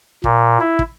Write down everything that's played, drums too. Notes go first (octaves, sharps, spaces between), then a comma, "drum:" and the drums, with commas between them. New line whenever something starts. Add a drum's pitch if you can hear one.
A#2, drum: kick
E4
drum: kick